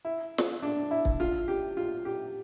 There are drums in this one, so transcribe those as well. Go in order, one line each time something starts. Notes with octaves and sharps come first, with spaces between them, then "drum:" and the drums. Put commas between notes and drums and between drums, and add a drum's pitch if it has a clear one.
E4
drum: snare
D4
E4
drum: kick
F4
G4
F4
G4